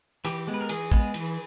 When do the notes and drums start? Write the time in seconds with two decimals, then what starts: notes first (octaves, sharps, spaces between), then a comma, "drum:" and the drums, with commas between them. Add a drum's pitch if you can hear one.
0.25 E3 G4, drum: cymbal
0.47 G#3 B3
0.54 B4
0.61 A#4
0.69 E3 G#4, drum: cymbal
0.92 G#3 B3, drum: kick
1.14 E3, drum: cymbal